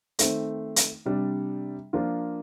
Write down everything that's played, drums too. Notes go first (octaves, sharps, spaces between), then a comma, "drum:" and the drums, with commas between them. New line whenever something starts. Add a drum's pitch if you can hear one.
D#3 A3 C4, drum: hi-hat
drum: hi-hat
C3 G3 D4
F3 A#3 D4 F4